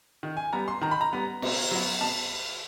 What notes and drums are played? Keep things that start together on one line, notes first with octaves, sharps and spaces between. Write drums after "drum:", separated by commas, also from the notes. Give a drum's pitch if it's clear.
D#3
G#5
G3 B3 A#5
C6
D#3 A#5
B5
A#5
G3 B3
B2, drum: cymbal
F#3 B3
B2 A5